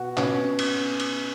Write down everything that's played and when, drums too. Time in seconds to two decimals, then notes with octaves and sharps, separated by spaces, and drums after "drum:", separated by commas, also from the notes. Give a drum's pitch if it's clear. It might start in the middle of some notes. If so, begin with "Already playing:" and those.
Already playing: B2 F#4
0.17 B2 C#4, drum: clap
0.59 drum: cymbal
1.00 drum: cymbal